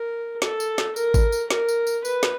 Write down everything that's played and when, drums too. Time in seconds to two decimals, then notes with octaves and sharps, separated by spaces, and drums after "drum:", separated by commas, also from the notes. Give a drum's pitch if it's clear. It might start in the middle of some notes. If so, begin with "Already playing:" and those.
Already playing: A#4
0.42 A4, drum: snare
0.60 drum: tambourine
0.78 drum: snare
0.96 A#4, drum: tambourine
1.14 drum: kick G#1, tambourine
1.32 drum: tambourine
1.50 A#4, drum: snare
1.69 drum: tambourine
1.87 drum: tambourine
2.05 B4, drum: tambourine
2.23 drum: snare